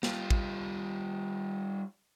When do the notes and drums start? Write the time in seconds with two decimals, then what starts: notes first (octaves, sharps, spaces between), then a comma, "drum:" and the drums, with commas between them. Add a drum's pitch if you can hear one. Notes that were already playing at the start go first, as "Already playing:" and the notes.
0.03 G3 F4, drum: snare
0.30 drum: kick